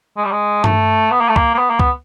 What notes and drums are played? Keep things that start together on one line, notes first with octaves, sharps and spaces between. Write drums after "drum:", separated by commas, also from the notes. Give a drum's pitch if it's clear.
G#3
G3
G#3
A3, drum: tom G2
B3
A#3
A3
A#3, drum: kick
A#3
B3
A#3
B3, drum: kick